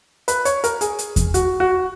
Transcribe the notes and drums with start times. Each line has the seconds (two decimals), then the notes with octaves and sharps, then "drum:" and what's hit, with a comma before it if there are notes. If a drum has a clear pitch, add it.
0.28 B4, drum: hi-hat
0.45 C#5, drum: hi-hat
0.64 A#4, drum: hi-hat
0.81 G#4, drum: hi-hat
0.99 drum: hi-hat
1.16 drum: kick E2, hi-hat
1.34 F#4, drum: hi-hat
1.60 F#4